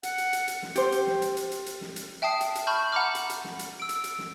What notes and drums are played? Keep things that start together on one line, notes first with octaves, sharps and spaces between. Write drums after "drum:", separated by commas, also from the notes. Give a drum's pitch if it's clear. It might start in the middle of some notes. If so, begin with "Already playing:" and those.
F#5, drum: hi-hat
drum: hi-hat
drum: hi-hat
drum: hi-hat
drum: snare
G4 C5, drum: hi-hat
drum: hi-hat
drum: snare
drum: hi-hat
drum: hi-hat
drum: hi-hat
drum: hi-hat
drum: snare
drum: hi-hat
E5 G5 A5 D#6 C7
drum: hi-hat
drum: hi-hat
A5 B5 C#6 F6 G6
F#5 A#5 B5 D6 F6
drum: hi-hat
drum: hi-hat
drum: snare
drum: hi-hat
E6 D7
drum: hi-hat
drum: hi-hat
drum: snare